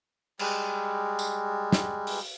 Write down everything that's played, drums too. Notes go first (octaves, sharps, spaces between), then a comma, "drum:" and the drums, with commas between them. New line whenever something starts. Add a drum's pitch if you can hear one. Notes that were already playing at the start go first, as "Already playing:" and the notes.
G3 G#3, drum: cymbal
drum: tambourine
drum: snare
drum: open hi-hat